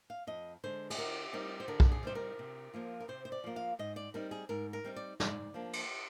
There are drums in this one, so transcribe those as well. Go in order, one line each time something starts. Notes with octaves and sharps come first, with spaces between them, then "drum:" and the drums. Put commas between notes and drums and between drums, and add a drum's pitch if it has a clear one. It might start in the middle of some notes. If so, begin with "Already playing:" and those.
F5
F2 D#5
D3 G#3 C5
G#4, drum: cymbal
D3 A#4
G3 C4 D#4 A#4
C5
D3 A#4
drum: kick B1
G#4
G3 C4 D#4 C5
A#4
C3
F3 A#3 F4
A#4
C3 C5
C5
D5
F3 A#3 F4
F5
G#2 D#5
D5
G3 C4 D#4 A#4
G#4
G#2 A#4
A#4
G3 C4 D#4
D5
G#2 D5, drum: snare
F3 A#3 D4
drum: cymbal